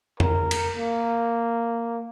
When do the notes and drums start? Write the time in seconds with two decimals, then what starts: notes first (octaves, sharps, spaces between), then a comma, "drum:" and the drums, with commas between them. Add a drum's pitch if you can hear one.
0.20 A#4, drum: tom F2
0.51 drum: cymbal
0.77 A#3